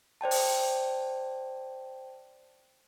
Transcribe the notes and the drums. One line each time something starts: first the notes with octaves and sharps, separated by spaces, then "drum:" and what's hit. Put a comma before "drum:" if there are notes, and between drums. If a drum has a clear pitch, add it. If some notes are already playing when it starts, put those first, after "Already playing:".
C5 D5 G5 A5
drum: open hi-hat